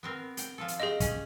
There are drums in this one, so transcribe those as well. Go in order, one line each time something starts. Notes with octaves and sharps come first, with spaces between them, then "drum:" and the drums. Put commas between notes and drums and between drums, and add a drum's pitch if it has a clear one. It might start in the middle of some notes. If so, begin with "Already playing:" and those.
B3 C4 A#4
G5, drum: hi-hat
F3 F4 A4
drum: hi-hat
G4 G#4 C5 D#5 A#5
C#4, drum: kick, hi-hat